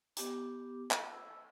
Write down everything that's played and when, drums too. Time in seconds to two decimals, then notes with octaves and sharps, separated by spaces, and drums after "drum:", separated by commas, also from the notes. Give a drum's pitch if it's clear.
0.17 B3 G4 D6, drum: hi-hat
0.91 drum: clap
1.12 E6